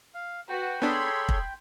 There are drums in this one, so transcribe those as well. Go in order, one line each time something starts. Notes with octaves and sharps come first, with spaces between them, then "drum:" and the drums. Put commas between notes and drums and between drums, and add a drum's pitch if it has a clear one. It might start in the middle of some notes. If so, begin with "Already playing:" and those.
F5
F#4 B4 G5
B3 D4 G#4 A4 C#5 B5 C6 G#6
drum: kick